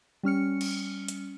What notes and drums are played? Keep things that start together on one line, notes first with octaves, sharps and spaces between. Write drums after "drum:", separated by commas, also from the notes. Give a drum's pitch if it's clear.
G3 C#4 F6 C#7
drum: cymbal
drum: hi-hat